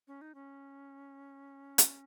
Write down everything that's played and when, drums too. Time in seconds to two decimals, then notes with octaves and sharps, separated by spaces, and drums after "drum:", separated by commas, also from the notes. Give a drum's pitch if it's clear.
0.08 C#4
0.21 D#4
0.35 C#4
1.78 drum: hi-hat